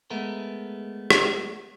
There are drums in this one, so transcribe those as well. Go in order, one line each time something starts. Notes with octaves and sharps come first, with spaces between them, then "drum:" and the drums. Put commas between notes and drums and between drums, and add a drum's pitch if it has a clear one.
G#3 A3 B3 A#4
drum: rim click